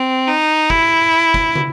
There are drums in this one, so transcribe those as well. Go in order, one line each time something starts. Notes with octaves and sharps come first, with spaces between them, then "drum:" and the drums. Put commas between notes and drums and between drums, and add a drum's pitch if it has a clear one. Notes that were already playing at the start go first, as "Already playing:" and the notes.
Already playing: C4
D#4
E4, drum: kick
drum: kick
drum: tom